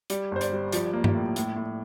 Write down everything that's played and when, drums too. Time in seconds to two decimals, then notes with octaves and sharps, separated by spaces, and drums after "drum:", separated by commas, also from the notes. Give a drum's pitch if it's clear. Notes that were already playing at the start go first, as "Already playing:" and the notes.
0.10 G3 D5, drum: hi-hat
0.31 G1 C5
0.41 D5, drum: hi-hat
0.52 G3
0.72 F3 D5, drum: hi-hat
0.93 A#3
1.04 drum: tom G2
1.15 A2
1.36 A2, drum: hi-hat
1.56 A2